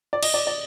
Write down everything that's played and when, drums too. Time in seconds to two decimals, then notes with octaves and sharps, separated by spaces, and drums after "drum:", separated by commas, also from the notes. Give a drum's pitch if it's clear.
0.13 D5
0.23 D#5, drum: cymbal
0.34 D5
0.47 D5